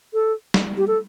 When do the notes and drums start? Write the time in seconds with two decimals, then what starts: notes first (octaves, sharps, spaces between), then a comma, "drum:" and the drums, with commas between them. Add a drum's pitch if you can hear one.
0.14 A4
0.54 drum: snare
0.78 G4
0.87 A4